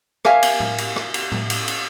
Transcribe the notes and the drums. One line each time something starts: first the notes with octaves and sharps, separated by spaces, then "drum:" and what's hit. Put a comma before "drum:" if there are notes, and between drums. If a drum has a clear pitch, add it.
G4 A#4 C#5 E5 F5 G#5, drum: rim click
drum: cymbal
drum: tom
drum: cymbal
drum: rim click
drum: cymbal
drum: tom
drum: cymbal
drum: cymbal